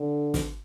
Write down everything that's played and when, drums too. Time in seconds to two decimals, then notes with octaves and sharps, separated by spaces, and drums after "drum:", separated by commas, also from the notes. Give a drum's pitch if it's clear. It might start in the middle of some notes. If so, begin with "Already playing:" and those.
Already playing: D3
0.34 drum: snare